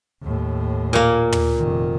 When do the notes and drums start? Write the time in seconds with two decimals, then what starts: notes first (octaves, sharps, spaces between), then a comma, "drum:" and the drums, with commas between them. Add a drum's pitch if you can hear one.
0.22 D#2 A2
0.93 A#2 A#3
1.32 drum: tom
1.58 F1 D#3